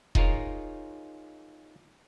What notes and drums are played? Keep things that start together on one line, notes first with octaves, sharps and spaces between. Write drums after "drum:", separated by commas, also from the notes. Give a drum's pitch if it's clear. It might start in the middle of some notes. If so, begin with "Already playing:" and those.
D#4 F4 G#4 A#4 C#5, drum: kick E1